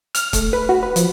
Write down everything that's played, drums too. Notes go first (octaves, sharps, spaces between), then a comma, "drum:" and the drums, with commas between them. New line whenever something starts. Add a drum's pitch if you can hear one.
F6, drum: hi-hat
A3, drum: kick C#1, hi-hat
B4
F#4
B4
F3, drum: hi-hat